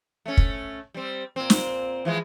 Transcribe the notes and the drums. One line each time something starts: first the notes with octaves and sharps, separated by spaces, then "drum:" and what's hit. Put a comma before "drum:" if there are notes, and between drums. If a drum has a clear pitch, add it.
A3 C#4
drum: kick
G3 C4
A#2 C4
drum: snare
E3 F3 G#3